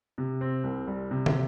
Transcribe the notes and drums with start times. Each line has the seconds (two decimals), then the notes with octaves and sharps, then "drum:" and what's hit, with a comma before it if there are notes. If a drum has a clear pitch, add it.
0.18 C3
0.41 C4
0.64 C2
0.87 G3
1.11 C3
1.26 drum: tom